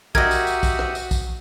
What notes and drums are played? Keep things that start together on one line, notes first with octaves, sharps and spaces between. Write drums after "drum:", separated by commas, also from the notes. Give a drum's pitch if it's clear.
F#4 G4 A#4 D#5 E5 D#6 G#6, drum: kick A#1
drum: tambourine
drum: tambourine
drum: kick A#1, tambourine
drum: rim click
drum: tambourine
drum: kick A#1, tambourine